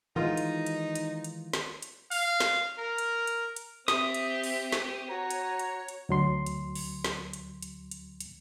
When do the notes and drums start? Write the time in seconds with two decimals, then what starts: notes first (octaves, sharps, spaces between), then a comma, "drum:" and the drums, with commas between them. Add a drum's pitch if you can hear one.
0.16 D#3 E3 G#3 D#4 F4
0.37 drum: hi-hat
0.66 drum: hi-hat
0.95 drum: hi-hat
1.24 drum: hi-hat
1.53 drum: snare
1.82 drum: hi-hat
2.11 F5, drum: open hi-hat
2.40 drum: snare
2.78 A#4
2.98 drum: hi-hat
3.27 drum: hi-hat
3.56 drum: hi-hat
3.88 C4 G4 E5 D#6, drum: snare
4.14 drum: hi-hat
4.43 drum: open hi-hat
4.72 drum: snare
5.10 F#4 C#5 A#5
5.30 drum: hi-hat
5.59 drum: hi-hat
5.88 drum: hi-hat
6.09 D2 F#3 C6
6.46 drum: hi-hat
6.75 drum: open hi-hat
7.04 drum: snare
7.33 drum: hi-hat
7.62 drum: hi-hat
7.91 drum: hi-hat
8.20 drum: hi-hat